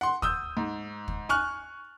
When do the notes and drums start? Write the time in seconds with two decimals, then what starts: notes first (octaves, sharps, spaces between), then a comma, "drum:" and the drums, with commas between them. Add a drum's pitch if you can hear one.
0.01 F#5 C6
0.22 D#6 E6 G6, drum: kick
0.57 G#2
1.08 drum: kick
1.29 G#5 C#6 F6 F#6